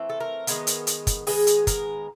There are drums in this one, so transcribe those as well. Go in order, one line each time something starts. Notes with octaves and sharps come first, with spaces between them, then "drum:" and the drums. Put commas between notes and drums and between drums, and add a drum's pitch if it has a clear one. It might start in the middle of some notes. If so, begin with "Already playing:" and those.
Already playing: E3 A3 C4
A4
A#4
D#3 G#3 B3, drum: hi-hat
drum: hi-hat
drum: hi-hat
drum: kick, hi-hat
D#3 G#3 B3 G#4, drum: open hi-hat
drum: hi-hat
A#4, drum: kick, hi-hat